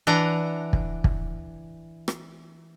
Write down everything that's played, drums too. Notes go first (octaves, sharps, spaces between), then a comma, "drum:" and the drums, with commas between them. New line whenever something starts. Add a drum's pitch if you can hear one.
E3 D4 F#5 A#5
drum: kick
drum: kick
drum: rim click